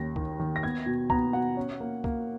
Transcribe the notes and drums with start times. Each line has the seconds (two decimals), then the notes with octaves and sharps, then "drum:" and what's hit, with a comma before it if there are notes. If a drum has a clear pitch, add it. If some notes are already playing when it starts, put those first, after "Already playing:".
Already playing: D#2 C#4 A#6
0.16 D#3, drum: kick
0.40 D#3
0.56 A#6
0.63 B3 G#6
0.86 B2
1.10 B3 A#5, drum: kick
1.33 B2 F#5
1.57 C#4
1.80 A#3
2.04 A#3, drum: kick